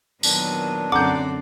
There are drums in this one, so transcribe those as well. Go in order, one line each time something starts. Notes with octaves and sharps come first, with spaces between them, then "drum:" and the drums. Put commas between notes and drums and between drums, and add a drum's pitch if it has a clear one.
A#2 D#3 F#3 B3 D4, drum: tambourine
F#2 D3 C4 D5 F#5 A#5 D6 G6